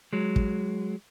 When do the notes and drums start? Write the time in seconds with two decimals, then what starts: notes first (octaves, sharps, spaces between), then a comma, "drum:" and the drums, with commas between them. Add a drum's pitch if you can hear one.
0.13 F#3 G#3
0.36 drum: kick